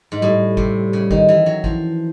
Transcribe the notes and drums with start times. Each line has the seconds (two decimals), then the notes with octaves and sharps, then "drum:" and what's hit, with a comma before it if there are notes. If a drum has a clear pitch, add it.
0.12 G#2
0.22 A2 G3
0.57 C3, drum: kick
0.93 C#3
1.11 D#3, drum: kick
1.29 E3
1.46 F#3
1.64 E3 F3, drum: kick